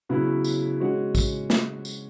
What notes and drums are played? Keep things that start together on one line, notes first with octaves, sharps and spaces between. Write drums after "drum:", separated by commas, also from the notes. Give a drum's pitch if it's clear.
C#3 F#3 B3 E4 B4
drum: tambourine
G#3 C#4 F#4
drum: kick, tambourine
drum: snare
drum: tambourine